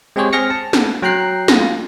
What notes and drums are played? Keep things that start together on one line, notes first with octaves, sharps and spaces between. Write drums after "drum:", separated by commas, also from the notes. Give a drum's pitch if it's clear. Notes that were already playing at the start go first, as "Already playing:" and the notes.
G#3 C4 G4 G#4 C5 C#5
C4 G#4 F6 A#6 C#7
A5
drum: snare A3
F#3 G5 A#5 F#6 C7
F4 A#6, drum: snare A3